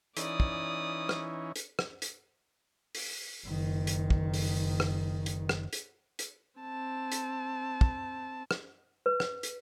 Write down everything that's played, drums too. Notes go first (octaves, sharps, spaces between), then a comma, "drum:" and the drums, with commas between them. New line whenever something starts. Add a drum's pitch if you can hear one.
E3 C#4 D#4 D5 D#6, drum: hi-hat
drum: kick
drum: rim click
drum: hi-hat
drum: rim click
drum: hi-hat
drum: open hi-hat
F#1 D#3
drum: hi-hat
drum: kick
drum: open hi-hat
drum: rim click
drum: hi-hat
drum: rim click
drum: hi-hat
drum: hi-hat
C4 A5
drum: hi-hat
drum: kick
drum: rim click
B4
drum: rim click
drum: hi-hat